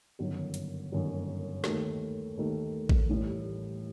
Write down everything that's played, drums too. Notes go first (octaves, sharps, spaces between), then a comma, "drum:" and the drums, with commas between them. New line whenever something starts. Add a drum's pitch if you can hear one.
G1 F#2 D#3 F#3
drum: hi-hat
G1 F#2 D#3 F#3
D#2 D#3 A3, drum: snare
D#2 D#3 A3
drum: kick A1
A1 A2 G3